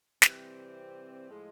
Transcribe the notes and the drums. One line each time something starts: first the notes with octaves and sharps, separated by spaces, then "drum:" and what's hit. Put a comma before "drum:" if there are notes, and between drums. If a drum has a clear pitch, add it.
C3 E3 G3 C4, drum: snare
A2 F3 G#3